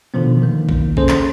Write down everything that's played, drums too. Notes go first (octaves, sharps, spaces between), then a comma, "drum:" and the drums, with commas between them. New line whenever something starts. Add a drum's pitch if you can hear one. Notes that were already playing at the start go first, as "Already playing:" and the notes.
B2 D3 D#3 F3 B3
D#3 A#3
drum: kick A1
C#4 G#4 A4 C5, drum: kick A1
drum: clap